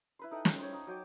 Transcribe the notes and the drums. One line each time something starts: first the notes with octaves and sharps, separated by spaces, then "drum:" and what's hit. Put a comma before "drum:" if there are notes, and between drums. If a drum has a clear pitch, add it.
E4 B4 C6
D#4 A4 G5
F4 G5, drum: snare
C5 C#5
D#4 F4
F#3 D#5 G5 D6